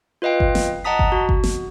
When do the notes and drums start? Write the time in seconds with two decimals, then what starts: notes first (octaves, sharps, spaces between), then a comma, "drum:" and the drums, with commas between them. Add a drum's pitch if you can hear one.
0.22 F4 B4 D#5 F5 G5
0.40 drum: kick G1
0.55 drum: snare
0.84 D#5 F#5 A5 A#5 D#6 B6
0.99 drum: kick G1
1.12 F#4
1.29 drum: kick G1
1.44 drum: snare